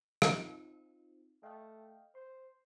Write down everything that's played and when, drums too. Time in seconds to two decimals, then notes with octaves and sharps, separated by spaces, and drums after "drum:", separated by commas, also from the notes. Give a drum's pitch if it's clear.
0.22 C4 D#4 F4, drum: rim click
1.43 A3 D#5 F5 G5
2.15 C5 C6